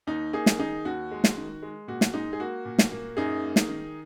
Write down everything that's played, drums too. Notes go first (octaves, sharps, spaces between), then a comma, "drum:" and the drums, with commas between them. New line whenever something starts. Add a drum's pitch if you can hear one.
D#2 D#4
A#3 D#4 G#4
drum: snare
D#3 D#4 G#4
D#2 F#4
G#3
drum: snare
D#3
G#3
A#2 F#4
drum: snare
G#3 D#4
G#4
A#3 F#4
A#2
drum: snare
A#3
F#2 D#4 G#4
A#3
drum: snare
D#3